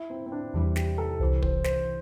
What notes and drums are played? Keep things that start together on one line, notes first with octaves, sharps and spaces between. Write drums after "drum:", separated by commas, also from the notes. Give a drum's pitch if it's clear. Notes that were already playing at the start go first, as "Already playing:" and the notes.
Already playing: E4
C4
C4
D4
E2 C3 E3 G3 D4
G4, drum: snare
A4
C2 C3 E3 C5
C5, drum: kick
C5, drum: snare